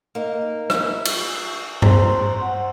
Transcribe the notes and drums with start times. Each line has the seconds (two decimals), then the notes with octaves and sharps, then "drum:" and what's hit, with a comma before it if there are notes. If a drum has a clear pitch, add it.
0.15 A#3 D#4
0.70 E4, drum: rim click
1.05 drum: cymbal
1.82 C5 A#5, drum: tom G2
2.41 F#5